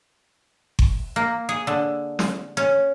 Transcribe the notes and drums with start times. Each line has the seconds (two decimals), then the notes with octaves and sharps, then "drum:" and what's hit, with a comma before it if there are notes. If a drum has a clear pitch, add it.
0.79 drum: kick G1
1.16 A#3
1.49 G#4
1.67 D3
2.19 drum: snare
2.57 C#4